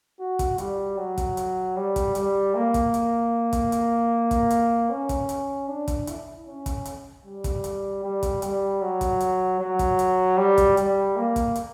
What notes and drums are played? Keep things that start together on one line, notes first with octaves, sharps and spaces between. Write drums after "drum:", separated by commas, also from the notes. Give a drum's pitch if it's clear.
F#4
drum: kick, hi-hat
G3, drum: hi-hat
F#3
drum: kick, hi-hat
drum: hi-hat
G3
drum: kick, hi-hat
G3, drum: hi-hat
A#3
drum: kick, hi-hat
drum: hi-hat
drum: kick, hi-hat
drum: hi-hat
drum: kick, hi-hat
drum: hi-hat
C#4
drum: kick, hi-hat
drum: hi-hat
D4
drum: kick, hi-hat
E4, drum: hi-hat
C#4
drum: kick, hi-hat
drum: hi-hat
G3
drum: kick, hi-hat
drum: hi-hat
G3
drum: kick, hi-hat
G3, drum: hi-hat
F#3
drum: kick, hi-hat
drum: hi-hat
F#3
drum: kick, hi-hat
drum: hi-hat
G3
drum: kick, hi-hat
G3, drum: hi-hat
A#3
drum: kick, hi-hat
drum: hi-hat